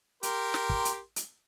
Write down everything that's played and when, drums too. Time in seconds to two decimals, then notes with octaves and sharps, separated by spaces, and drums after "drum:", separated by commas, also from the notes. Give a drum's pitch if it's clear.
0.23 G4 A#4 C6, drum: hi-hat
0.54 drum: snare
0.69 drum: kick
0.85 drum: hi-hat
1.16 drum: hi-hat